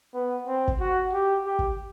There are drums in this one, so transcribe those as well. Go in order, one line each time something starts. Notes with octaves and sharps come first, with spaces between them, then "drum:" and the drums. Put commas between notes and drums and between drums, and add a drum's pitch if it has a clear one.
B3
C4
drum: kick G1
F#4
G4
G4
drum: kick G1